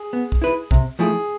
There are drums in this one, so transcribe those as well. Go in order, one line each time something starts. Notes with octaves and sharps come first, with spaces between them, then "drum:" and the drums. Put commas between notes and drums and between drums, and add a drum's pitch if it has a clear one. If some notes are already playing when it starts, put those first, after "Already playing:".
Already playing: G#4
B3
drum: kick
E4 B4
C3, drum: kick
F3 A3 E4 G#4